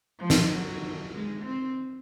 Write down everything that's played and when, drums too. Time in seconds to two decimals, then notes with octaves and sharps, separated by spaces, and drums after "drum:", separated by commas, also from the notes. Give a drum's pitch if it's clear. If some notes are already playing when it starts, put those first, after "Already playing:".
0.19 F3
0.30 drum: snare
0.51 F#3
1.13 G#3
1.45 C4